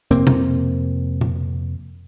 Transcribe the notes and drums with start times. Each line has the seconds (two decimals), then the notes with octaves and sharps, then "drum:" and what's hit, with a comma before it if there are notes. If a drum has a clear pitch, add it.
0.11 F2 C3 A#3 C4, drum: hi-hat
0.27 drum: tom B2
1.21 drum: tom A#2